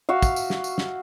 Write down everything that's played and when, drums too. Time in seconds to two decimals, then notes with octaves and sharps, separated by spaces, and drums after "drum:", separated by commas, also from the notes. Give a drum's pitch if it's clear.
0.09 F#4 E5 F5
0.22 drum: kick, tambourine
0.36 drum: tambourine
0.50 drum: snare
0.64 drum: tambourine
0.78 drum: snare